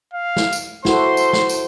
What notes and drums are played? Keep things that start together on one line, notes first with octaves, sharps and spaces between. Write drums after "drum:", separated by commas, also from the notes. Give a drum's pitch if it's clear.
F5
drum: snare
drum: tambourine
E4 F#4 A4 C5 C6, drum: snare
drum: tambourine
drum: snare
drum: tambourine